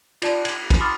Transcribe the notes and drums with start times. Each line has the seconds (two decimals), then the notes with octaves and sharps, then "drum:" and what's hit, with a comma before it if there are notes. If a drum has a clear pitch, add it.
0.22 F4 D5 A5, drum: cymbal
0.45 G#6, drum: cymbal
0.70 drum: kick, cymbal
0.80 B5 C6 D6 D#6 F6 A6